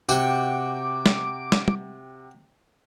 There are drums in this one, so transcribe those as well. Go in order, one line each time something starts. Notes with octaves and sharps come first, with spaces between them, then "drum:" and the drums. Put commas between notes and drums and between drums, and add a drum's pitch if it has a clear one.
C3 F#4 G5 C#6 D6, drum: tambourine
drum: snare
drum: snare
drum: tom